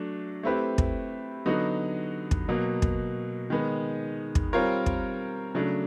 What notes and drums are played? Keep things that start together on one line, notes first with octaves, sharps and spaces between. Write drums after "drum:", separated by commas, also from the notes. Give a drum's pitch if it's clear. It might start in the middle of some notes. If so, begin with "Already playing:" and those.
Already playing: F#3 A3 D4
A3 C4 E4 G4 B4
drum: kick
D3 F#3 B3 D#4 F#4
drum: kick
B2 F#3 A#3
drum: kick
D#3 G#3 B3
drum: kick
G3 C4 F4 A#4 C#5
drum: kick
C#3 F#3 A3 D4